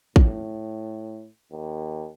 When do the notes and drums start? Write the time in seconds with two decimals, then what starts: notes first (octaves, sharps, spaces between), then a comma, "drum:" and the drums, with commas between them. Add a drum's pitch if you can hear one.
0.16 A2, drum: kick
1.52 D#2